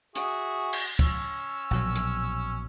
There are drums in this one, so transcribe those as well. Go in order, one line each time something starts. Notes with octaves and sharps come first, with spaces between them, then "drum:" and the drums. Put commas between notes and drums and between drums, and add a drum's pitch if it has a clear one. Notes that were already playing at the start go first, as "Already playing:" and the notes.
F#4 G#4 E5, drum: hi-hat
drum: cymbal
C#4 E6, drum: kick
A#1 B2 F#3
drum: hi-hat